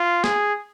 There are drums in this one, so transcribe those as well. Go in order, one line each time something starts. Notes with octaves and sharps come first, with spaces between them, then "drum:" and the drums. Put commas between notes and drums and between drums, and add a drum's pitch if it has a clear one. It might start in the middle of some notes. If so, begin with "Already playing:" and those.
Already playing: F4
G#4, drum: snare